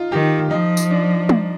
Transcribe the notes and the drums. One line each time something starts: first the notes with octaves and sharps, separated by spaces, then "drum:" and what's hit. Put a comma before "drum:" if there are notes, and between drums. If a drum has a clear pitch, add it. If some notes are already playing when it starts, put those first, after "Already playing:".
Already playing: D#4 F4
D#3 G4
F3 D#4
drum: tambourine
D4
drum: tom